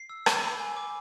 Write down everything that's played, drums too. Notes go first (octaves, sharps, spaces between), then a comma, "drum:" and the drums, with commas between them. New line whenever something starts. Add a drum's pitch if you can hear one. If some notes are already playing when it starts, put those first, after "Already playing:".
Already playing: C7
E6
D6, drum: rim click
B5
G#5
D6